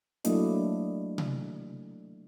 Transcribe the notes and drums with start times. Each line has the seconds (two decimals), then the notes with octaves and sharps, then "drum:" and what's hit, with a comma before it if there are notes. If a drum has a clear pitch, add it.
0.25 F#3 A3 A#3 D4 E4 D#5, drum: hi-hat
1.18 drum: tom C3